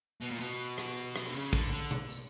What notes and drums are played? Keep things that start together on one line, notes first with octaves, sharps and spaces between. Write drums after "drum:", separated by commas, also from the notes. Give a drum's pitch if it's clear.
B2, drum: tambourine
A#2
B2, drum: tambourine
drum: tambourine
drum: rim click
drum: tambourine
drum: rim click
D3
C#3, drum: tambourine
D3, drum: kick, tambourine
D3, drum: tambourine
drum: tom B2
drum: tambourine